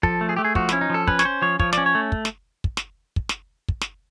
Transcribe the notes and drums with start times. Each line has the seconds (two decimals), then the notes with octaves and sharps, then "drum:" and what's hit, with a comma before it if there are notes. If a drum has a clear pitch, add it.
0.03 F3 A4, drum: kick
0.21 A3
0.29 G#4
0.36 A3 G4
0.45 G#4
0.55 F3 F#4, drum: kick
0.69 C#4 E4, drum: snare
0.81 D#4
0.90 F3 A4
1.07 C#4 B4, drum: kick
1.19 C#5, drum: snare
1.25 C#4 C5
1.42 F3 C#5
1.59 F3 C#5, drum: kick
1.73 C#4 D5, drum: snare
1.86 C#5
1.95 A3
2.12 drum: kick
2.25 drum: snare
2.64 drum: kick
2.77 drum: snare
3.16 drum: kick
3.29 drum: snare
3.68 drum: kick
3.82 drum: snare